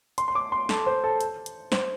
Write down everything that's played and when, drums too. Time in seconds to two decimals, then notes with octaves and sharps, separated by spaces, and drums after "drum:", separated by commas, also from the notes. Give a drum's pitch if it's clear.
0.18 C6, drum: hi-hat
0.28 C6
0.35 D6
0.52 C6
0.69 A4, drum: snare
0.86 C5
1.04 A4
1.21 drum: hi-hat
1.46 drum: hi-hat
1.72 C5, drum: snare